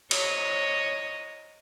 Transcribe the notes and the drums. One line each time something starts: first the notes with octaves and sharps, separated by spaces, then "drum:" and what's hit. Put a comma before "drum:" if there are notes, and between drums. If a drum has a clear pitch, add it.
C#5 D#5, drum: cymbal